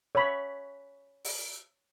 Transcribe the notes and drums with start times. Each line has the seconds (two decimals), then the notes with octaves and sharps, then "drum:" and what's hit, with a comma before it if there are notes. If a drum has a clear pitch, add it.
0.15 C#5 B5
1.24 drum: open hi-hat